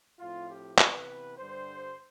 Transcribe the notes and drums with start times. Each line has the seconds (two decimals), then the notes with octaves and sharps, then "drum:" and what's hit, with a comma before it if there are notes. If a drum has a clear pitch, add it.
0.19 A2 F3 C4 F4
0.49 G4
0.78 C3 E3 B3 B4, drum: clap
1.38 G2 D3 G3 C5